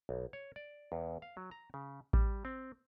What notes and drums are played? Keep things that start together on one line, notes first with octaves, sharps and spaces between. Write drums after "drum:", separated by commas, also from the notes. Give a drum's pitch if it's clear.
B1
C#5
D5
E2
F5
F#3
A#5
C#3
G3, drum: kick A1
C4